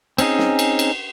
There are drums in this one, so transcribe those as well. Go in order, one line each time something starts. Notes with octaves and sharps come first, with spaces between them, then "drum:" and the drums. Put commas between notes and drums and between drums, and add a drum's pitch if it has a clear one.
C4 C#4 D#4 G#4, drum: cymbal
drum: snare
drum: cymbal
drum: cymbal